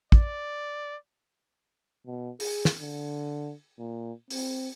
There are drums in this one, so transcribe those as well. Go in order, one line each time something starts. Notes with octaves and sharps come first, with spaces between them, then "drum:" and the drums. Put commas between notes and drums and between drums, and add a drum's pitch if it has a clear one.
D5, drum: kick
B2
G#4, drum: open hi-hat
drum: snare
D3
A#2
C4, drum: open hi-hat